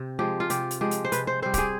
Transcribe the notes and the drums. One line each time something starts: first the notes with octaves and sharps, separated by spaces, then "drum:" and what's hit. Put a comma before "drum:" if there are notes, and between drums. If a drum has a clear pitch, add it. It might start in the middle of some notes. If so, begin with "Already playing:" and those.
Already playing: C3 C4
F3 G#3 G4
F4
C3 G4, drum: hi-hat
drum: hi-hat
F3 G#3 G4
drum: hi-hat
C5
C3 B4, drum: hi-hat
C5
G3 C4 C5
G4 G#4, drum: kick, hi-hat